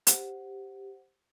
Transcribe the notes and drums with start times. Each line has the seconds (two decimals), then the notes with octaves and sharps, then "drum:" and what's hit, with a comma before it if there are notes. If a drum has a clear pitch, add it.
0.07 G4 C5 F#5, drum: hi-hat